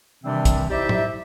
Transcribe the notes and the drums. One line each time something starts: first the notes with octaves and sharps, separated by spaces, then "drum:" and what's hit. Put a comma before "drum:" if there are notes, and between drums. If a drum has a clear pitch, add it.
C3 D#3 E3 G3 C4 D4
drum: kick, hi-hat
D#4 E4 G4 C5 D5 E5
drum: tom